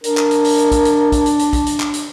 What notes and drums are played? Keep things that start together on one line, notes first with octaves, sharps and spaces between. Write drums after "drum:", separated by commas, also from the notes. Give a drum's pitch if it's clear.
D4 A#4, drum: hi-hat
drum: clap
drum: hi-hat
drum: open hi-hat
drum: hi-hat
drum: kick, hi-hat
drum: hi-hat
drum: kick, hi-hat
drum: hi-hat
drum: hi-hat
drum: kick, hi-hat
drum: hi-hat
drum: clap
drum: hi-hat